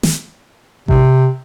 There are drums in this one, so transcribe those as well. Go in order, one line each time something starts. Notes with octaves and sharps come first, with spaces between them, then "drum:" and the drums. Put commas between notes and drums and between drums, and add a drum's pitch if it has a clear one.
drum: snare
C3, drum: kick A1